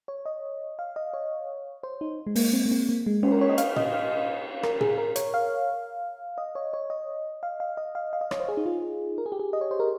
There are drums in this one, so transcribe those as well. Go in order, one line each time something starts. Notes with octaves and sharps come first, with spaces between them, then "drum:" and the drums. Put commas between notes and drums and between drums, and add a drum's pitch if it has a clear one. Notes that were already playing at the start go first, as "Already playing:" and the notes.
C#5
D#5
F5
D#5
C#5
C5
D#4
G#3
A#3, drum: open hi-hat
C4
A#3
C4
A#3
G#3
C#4, drum: cymbal
A#4
C#5
D#5
F5, drum: hi-hat
D#5, drum: tom
F5
A#4, drum: rim click
G#4, drum: tom
A#4
C#5, drum: hi-hat
F5
D#5
C#5
C#5
D#5
F5
F5
D#5
F5
F5
D#5
C#5, drum: rim click
C5
G#4
D#4
F4
A#4
G#4
G4
G#4
D#5
C#5
C5
A#4